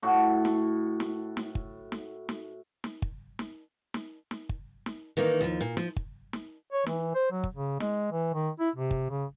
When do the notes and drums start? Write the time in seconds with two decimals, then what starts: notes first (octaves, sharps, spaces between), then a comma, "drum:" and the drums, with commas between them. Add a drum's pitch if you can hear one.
0.02 A2 F#4 A4
0.45 drum: snare
1.00 drum: snare
1.37 drum: snare
1.55 drum: kick
1.92 drum: snare
2.29 drum: snare
2.84 drum: snare
3.02 drum: kick
3.39 drum: snare
3.94 drum: snare
4.31 drum: snare
4.49 drum: kick
4.86 drum: snare
5.17 D#3 E3 A#3 D#4
5.41 D#2 F3
5.61 A#2
5.77 F3, drum: snare
5.96 drum: kick
6.33 drum: snare
6.73 C#5
6.86 E3, drum: snare
7.15 C5
7.32 F#3
7.44 drum: kick
7.53 C#3
7.80 G#3, drum: snare
8.13 E3
8.34 D#3
8.60 E4
8.76 C3
8.91 drum: kick
9.10 C#3